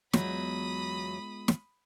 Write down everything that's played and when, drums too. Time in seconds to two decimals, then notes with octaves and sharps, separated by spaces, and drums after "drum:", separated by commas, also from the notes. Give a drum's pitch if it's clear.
0.13 E2 F#3 G#3 B3 F4 B5 D#6, drum: snare
1.48 drum: snare